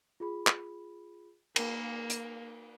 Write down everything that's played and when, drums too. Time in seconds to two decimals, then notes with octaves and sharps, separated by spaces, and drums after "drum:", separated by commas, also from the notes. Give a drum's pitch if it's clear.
0.20 F4 G#4 B5
0.47 drum: clap
1.56 A#3 A#4, drum: cymbal
2.10 drum: hi-hat